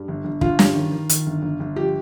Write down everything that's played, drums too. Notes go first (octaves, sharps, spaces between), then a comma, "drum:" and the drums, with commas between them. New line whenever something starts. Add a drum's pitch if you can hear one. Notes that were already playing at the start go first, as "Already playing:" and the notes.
Already playing: G2
G1
G1
G1 F4, drum: kick
G2, drum: snare
D#3
D#3
D#3, drum: hi-hat
G1
G1
G1
F3 G4